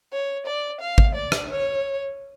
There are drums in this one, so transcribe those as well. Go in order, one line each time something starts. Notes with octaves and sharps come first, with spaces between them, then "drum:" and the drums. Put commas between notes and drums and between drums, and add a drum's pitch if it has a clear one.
C#5
D5
F5
drum: kick G#1
D5
drum: rim click
C#5